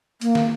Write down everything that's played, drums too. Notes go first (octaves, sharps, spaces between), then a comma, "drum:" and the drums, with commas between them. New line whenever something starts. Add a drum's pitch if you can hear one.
A#3, drum: hi-hat
drum: snare